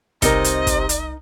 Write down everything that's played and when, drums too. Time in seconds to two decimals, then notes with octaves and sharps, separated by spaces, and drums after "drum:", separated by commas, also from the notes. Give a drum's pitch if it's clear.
0.22 C2 C3 D#4 A#4 D#5, drum: kick, hi-hat
0.44 drum: hi-hat
0.67 drum: kick, hi-hat
0.89 drum: hi-hat